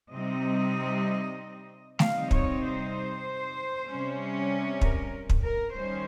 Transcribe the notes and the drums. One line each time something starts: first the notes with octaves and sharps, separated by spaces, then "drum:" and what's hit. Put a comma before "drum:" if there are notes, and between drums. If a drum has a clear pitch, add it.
C3 G3 C4 D#4 D#5
C3 G3 C4 D#4 F5, drum: snare A3
C#5, drum: kick
C5
C3 G3 C#4
A#4, drum: kick
drum: kick
A#4
D#3 G3 C#4 C5